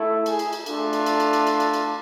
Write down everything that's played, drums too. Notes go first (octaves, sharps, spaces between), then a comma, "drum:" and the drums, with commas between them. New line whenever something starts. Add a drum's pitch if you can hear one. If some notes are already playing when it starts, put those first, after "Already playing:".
Already playing: A3 E4
G#4, drum: cymbal
drum: cymbal
drum: cymbal
A3 D4 F4, drum: cymbal
drum: cymbal
drum: cymbal
drum: cymbal
drum: cymbal
drum: cymbal
drum: cymbal
drum: cymbal